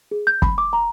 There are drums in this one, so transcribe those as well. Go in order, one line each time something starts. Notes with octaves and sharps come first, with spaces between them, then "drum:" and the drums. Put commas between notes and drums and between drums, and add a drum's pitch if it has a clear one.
G#4
G6
B5, drum: kick
D6
A#5